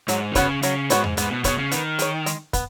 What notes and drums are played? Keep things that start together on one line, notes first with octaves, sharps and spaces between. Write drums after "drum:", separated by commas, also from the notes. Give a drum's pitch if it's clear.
G#2 F#3, drum: hi-hat
D#3
C#3 B3 F#4 C#5, drum: kick, hi-hat
C#3 F#3, drum: hi-hat
G#2 B3 F#4 C#5, drum: hi-hat
drum: tom E2
G#2 B3, drum: hi-hat
B2
B2 G#4 C#5, drum: kick, hi-hat
C#3
D#3 B3, drum: hi-hat
G#4 C#5, drum: hi-hat
G#3, drum: hi-hat
B3, drum: kick, hi-hat